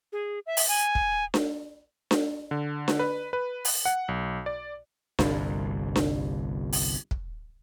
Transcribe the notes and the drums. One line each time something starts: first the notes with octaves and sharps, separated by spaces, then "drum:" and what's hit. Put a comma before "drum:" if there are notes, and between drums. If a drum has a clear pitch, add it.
G#4
E5
drum: open hi-hat
G#5
drum: kick
drum: snare D4
drum: snare D4
D3
drum: snare D4
B4
B4
drum: open hi-hat
F#5
B1
D5
G1 C2 G2, drum: snare D4
drum: snare D4
drum: open hi-hat
drum: kick